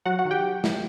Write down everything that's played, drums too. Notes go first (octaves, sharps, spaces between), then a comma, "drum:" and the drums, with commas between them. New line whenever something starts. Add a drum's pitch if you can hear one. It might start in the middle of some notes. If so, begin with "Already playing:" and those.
F#3 F#4 F#5
F#4 F#5
D#3
G4 G5
drum: snare